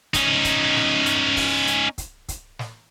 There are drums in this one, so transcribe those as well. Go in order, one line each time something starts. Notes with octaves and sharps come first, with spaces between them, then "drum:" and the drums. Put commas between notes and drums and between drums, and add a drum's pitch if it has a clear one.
C#4 D#4, drum: kick, hi-hat
drum: kick, hi-hat
drum: snare
drum: hi-hat
drum: kick, open hi-hat
drum: hi-hat
drum: kick, hi-hat
drum: kick, hi-hat
drum: snare